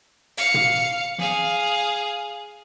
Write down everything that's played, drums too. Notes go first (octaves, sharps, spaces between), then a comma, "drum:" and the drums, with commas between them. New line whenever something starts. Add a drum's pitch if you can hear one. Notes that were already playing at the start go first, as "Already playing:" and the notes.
F5 C#7, drum: hi-hat
drum: tom
G#4 F5, drum: snare